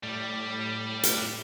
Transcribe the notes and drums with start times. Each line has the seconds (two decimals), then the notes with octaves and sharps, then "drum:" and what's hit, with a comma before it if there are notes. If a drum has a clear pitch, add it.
0.03 A2 G3
1.03 drum: hi-hat